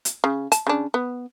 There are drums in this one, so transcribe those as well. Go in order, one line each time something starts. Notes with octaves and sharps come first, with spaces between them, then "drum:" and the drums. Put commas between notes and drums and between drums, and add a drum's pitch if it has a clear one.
drum: hi-hat
C#3
A5, drum: hi-hat
C#3 D4
B3